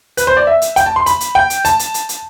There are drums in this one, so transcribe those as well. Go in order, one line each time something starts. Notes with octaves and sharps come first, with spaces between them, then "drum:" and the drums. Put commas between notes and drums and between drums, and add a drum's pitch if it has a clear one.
B4, drum: hi-hat
C5
D5
E5
drum: hi-hat
G5, drum: hi-hat
A5
C6
B5, drum: hi-hat
drum: hi-hat
G5
drum: hi-hat
A5, drum: hi-hat
drum: hi-hat
drum: hi-hat
drum: hi-hat